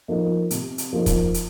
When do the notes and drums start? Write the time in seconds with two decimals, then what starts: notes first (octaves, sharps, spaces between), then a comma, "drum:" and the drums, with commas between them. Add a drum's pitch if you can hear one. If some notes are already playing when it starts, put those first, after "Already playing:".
0.08 F3 A#3 D#4
0.51 C3, drum: hi-hat
0.78 drum: hi-hat
0.93 F3 A#3 D#4
1.06 drum: kick, hi-hat
1.34 drum: hi-hat